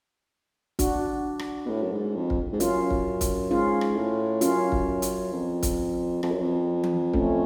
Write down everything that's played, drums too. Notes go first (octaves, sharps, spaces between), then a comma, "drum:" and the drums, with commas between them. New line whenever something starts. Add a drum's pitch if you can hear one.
D4 F#4, drum: kick, hi-hat
drum: rim click
B2
A2
F#2
G#2
F2
drum: kick
G#2
F#2 C#4 F4, drum: hi-hat
drum: kick
drum: kick, hi-hat
G#2 C#4 F4
drum: rim click
A2
F#2 C#4 F4, drum: hi-hat
drum: kick
drum: hi-hat
F2
drum: kick, hi-hat
F2, drum: rim click
F#2
F2
drum: tom E3
A3 C#4, drum: kick